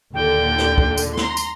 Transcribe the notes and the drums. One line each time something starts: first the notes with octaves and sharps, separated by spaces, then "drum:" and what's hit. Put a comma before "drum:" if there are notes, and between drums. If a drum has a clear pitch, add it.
D#2 A#2 D3 G5
drum: snare
drum: kick
drum: tambourine
A#5 C6, drum: snare
drum: tambourine